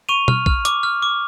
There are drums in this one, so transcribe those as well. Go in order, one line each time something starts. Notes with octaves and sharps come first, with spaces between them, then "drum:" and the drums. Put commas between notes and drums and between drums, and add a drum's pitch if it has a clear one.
C#6 D#7 F7
F6, drum: tom B2
F6, drum: kick
D6, drum: hi-hat
F6
D6